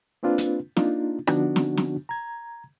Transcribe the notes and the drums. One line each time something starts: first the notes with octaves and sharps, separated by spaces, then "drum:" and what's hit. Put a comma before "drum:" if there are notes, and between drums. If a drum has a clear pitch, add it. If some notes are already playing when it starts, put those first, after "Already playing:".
A#3 C4 D4 F4 B4
drum: hi-hat
A#3 D4 D#4 F4, drum: snare
D3 F3 B3 D4 D#4 F#4, drum: rim click
drum: snare
drum: snare
A#5 G#6